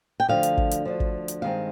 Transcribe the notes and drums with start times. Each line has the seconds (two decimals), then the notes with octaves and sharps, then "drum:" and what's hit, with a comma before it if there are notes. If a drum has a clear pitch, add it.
0.20 G5
0.28 D2 D3 F3 F5
0.43 drum: hi-hat
0.57 drum: kick
0.72 drum: hi-hat
0.85 D2 D3 F3
1.00 drum: kick
1.28 drum: hi-hat
1.42 G2 D#3 G#3 C4 F5